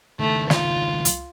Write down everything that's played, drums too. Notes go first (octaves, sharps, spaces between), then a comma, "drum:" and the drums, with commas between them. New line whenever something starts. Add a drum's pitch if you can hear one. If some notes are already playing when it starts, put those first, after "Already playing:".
C#2 D#3 A3
F4, drum: snare
drum: hi-hat